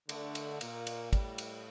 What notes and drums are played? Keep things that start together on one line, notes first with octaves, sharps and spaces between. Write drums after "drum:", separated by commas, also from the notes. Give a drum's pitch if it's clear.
D3 A3, drum: cymbal
drum: cymbal
A#2 A#3, drum: cymbal
drum: cymbal
A2 G3, drum: kick, cymbal
drum: cymbal